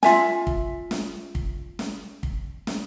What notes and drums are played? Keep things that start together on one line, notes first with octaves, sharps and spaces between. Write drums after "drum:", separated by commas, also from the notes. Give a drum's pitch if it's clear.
F4 E5 G#5, drum: snare
drum: kick
drum: snare
drum: kick
drum: snare
drum: kick
drum: snare